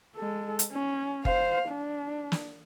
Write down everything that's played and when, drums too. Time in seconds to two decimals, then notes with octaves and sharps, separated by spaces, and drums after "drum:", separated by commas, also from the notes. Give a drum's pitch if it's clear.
0.16 G#3 A4
0.59 drum: hi-hat
0.72 C#4
1.25 C5 F5, drum: kick F#1
1.70 D4
2.32 drum: snare